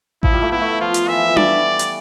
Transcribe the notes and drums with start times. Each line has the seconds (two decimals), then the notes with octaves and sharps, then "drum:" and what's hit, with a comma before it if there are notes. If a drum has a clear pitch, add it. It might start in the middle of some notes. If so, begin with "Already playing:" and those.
0.23 F3 E4, drum: kick A1
0.33 G3
0.42 A3
0.52 B3 E4
0.61 A3
0.80 F3 F4
0.94 drum: hi-hat
1.08 E3 E5
1.18 F3
1.28 E3
1.37 G3 D5, drum: tom D4
1.79 drum: hi-hat